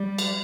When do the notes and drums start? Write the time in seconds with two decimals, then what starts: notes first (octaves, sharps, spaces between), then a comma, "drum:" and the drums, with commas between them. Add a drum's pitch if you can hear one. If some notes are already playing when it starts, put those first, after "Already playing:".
Already playing: G3
0.18 drum: cymbal